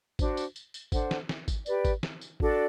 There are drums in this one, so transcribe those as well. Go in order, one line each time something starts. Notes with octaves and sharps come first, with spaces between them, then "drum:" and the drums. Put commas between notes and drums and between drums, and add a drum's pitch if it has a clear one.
D4 F#4 C5, drum: kick G#1, tambourine
drum: tambourine
drum: tambourine
drum: tambourine
D4 A4 C5 F#5, drum: kick G#1, tambourine
drum: snare
drum: snare
drum: kick G#1, tambourine
G4 B4 D5, drum: tambourine
drum: kick G#1, tambourine
drum: snare
drum: tambourine
D4 F#4 A4 D5, drum: kick G#1